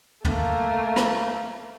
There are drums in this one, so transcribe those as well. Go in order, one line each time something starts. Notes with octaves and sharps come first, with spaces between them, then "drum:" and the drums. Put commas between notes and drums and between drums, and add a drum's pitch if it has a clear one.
A3 A#3, drum: tom
drum: rim click